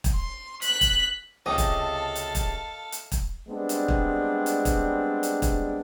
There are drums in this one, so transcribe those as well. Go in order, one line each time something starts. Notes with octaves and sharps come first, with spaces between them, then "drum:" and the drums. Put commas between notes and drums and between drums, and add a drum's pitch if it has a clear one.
drum: kick, hi-hat
C6
F#6 B6, drum: hi-hat
drum: kick, hi-hat
C#2 C3 A4 D#5 F5 A5
drum: kick, hi-hat
drum: hi-hat
drum: kick, hi-hat
drum: hi-hat
drum: kick, hi-hat
G3 G#3 B3 C4 D4
drum: hi-hat
drum: kick
drum: hi-hat
drum: kick, hi-hat
drum: hi-hat
drum: kick, hi-hat